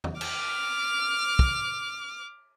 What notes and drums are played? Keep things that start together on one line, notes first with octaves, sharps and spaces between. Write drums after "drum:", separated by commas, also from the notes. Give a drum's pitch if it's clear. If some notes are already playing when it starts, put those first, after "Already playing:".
drum: tom E2
D6 F6, drum: cymbal
drum: kick